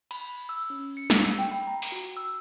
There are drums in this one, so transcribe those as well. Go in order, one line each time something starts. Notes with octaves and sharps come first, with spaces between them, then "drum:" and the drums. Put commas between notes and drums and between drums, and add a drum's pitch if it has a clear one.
B5, drum: cymbal
E6
C#4
C#7
drum: snare
E6
G5
B5
A#5
drum: open hi-hat
F#4
E6